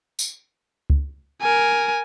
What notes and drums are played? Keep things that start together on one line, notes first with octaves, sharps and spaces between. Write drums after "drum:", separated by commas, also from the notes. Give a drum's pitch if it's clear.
drum: tambourine
drum: kick C#2
A#4 G#5